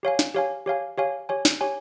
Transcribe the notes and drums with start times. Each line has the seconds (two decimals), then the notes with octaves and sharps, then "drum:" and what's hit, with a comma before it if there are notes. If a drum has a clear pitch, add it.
0.03 G4 C#5 F5 G#5
0.19 drum: snare
0.34 G4 C#5 F5 G#5
0.66 G4 C#5 F5 G#5
0.98 G4 C#5 F5 G#5
1.29 G4 C#5 G#5
1.45 drum: snare
1.61 G4 C#5 G#5